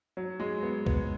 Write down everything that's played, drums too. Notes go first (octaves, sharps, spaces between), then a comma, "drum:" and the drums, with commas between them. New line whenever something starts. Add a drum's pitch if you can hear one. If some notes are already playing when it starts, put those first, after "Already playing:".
F#3
G#3
B3
B3, drum: kick C2